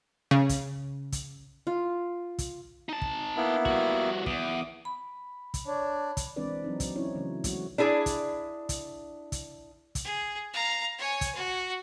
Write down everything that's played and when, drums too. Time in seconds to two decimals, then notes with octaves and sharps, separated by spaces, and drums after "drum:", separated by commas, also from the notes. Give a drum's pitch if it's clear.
0.31 C#3
0.49 drum: kick, hi-hat
1.12 drum: kick, hi-hat
1.67 F4
2.39 drum: kick, hi-hat
2.89 D#4 A5
3.02 drum: kick
3.36 A#3 B3 E4
3.65 G3 F#4, drum: kick
4.26 E2 D6 D#6, drum: kick
4.85 B5
5.54 drum: kick, hi-hat
5.67 D4 C#5
6.17 drum: kick, hi-hat
6.36 E3 G#3 C4 D4 B4 D5
6.64 F#3 C4 D#4
6.80 drum: kick, hi-hat
6.95 C4 C#4 D#4 E4 C#5
7.15 C#3 E3 F#3 A3 C#4
7.44 F#3 G#3 A3 F#4, drum: kick, hi-hat
7.78 D4 E4 G#4 D5
8.06 drum: kick, hi-hat
8.69 drum: kick, hi-hat
9.32 drum: kick, hi-hat
9.95 drum: kick, hi-hat
10.05 G#4
10.53 F5 A#5
10.98 C#5 G#5
11.21 drum: kick, hi-hat
11.35 F#4